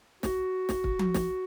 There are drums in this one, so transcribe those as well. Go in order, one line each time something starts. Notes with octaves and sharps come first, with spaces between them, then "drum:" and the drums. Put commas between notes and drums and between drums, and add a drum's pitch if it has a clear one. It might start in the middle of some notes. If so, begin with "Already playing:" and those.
F#4, drum: snare
drum: snare
drum: kick
drum: tom F3
drum: snare